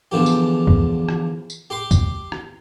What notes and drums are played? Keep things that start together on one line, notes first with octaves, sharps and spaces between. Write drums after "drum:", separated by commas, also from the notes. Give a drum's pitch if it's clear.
E2 D3 F3 G4
drum: tambourine
drum: kick
drum: rim click
drum: tambourine
G4 C6 D6
drum: kick, tambourine
drum: rim click